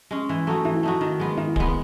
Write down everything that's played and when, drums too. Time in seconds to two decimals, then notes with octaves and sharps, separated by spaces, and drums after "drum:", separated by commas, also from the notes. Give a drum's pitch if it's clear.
0.11 G#3 C#4
0.29 E3
0.47 A3 D#4 F#4
0.65 E3 E4
0.83 A3 D#4 F#4
1.01 D#3
1.20 G#3 B3
1.38 D#3 E4
1.56 G#3 B3, drum: kick